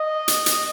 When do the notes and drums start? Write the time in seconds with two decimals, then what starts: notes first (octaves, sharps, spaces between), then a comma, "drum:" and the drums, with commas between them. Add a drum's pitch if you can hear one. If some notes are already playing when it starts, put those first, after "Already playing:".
Already playing: D#5
0.28 drum: hi-hat
0.46 drum: hi-hat